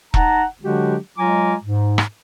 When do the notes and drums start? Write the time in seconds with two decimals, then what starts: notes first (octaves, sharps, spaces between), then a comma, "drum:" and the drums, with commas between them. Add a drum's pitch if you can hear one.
0.14 D#4 F#5 A5 A#5, drum: kick E1
0.62 D3 F#3 G#3 D4 F#4 G4
1.18 F#3 G#3 F4 G#5 A#5 D6
1.63 G#2
1.98 drum: rim click